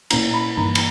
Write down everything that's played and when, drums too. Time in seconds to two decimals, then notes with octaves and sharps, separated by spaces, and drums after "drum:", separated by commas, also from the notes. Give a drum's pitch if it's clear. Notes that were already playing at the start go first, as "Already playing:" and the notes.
0.10 A#2 A#3 C#4 E4 A#5, drum: cymbal
0.34 B5
0.57 G2 E3 A#3 D#4 A#5
0.75 B5, drum: cymbal